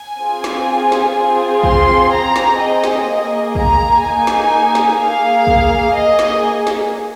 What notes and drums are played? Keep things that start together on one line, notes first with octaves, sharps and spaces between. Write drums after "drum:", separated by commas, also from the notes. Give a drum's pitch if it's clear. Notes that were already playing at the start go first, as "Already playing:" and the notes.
Already playing: G#5
C4 F4 G#4
drum: snare
drum: snare
C4 F4 G#4
C6, drum: kick
C4 G#4 A#5
drum: snare
D#5
drum: snare
A#3 G#4
A#5, drum: kick
A#3 D#4 G#4 G#5
drum: snare
drum: snare
A#3 G#4 F5
drum: kick
A#3 G#4 D#5
drum: snare
drum: snare